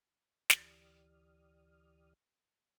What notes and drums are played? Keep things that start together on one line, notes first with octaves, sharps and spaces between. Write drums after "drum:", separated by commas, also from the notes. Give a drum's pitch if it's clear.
D2 E3 G4 D5 D#6 F6, drum: snare